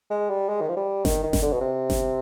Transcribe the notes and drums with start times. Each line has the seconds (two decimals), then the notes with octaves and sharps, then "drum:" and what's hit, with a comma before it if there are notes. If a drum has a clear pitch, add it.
0.11 G#3
0.30 G3
0.49 G#3
0.61 D#3
0.69 F3
0.77 G3
1.05 D#3, drum: snare G1
1.24 D#3
1.33 drum: snare G1
1.42 D3
1.53 B2
1.61 C3
1.90 drum: snare G1